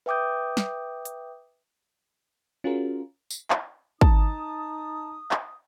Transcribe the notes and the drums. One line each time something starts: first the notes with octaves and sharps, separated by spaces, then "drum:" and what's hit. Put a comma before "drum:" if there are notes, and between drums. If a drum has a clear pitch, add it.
B4 E5 G5 D6 D#6 G6
drum: snare
drum: hi-hat
C#4 F4 F#4 G#4 A#4
drum: tambourine
drum: clap
D#4 A5 D#6, drum: kick
drum: clap